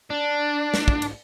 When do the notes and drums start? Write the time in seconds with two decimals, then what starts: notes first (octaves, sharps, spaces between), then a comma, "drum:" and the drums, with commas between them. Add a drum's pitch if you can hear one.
0.10 D4
0.74 drum: snare
0.88 drum: kick
1.02 drum: cymbal